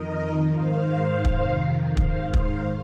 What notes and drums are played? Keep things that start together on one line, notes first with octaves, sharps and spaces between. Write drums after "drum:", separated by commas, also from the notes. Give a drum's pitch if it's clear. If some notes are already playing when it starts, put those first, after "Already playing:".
Already playing: F2 D#3 A#4 D#5
G#2 D#3 C5 F5
F2 C3 D#3, drum: kick
G#2 D#3 C5 F5, drum: kick
C5 F5, drum: kick